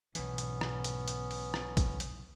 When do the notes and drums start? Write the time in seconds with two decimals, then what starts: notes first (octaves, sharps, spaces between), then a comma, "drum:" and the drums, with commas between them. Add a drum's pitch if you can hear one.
0.15 B1 G#2 B2 E3 B3 C#4, drum: hi-hat
0.38 drum: hi-hat
0.61 drum: rim click
0.84 drum: hi-hat
1.08 drum: hi-hat
1.31 drum: open hi-hat
1.54 drum: rim click
1.77 drum: kick, hi-hat
2.00 drum: hi-hat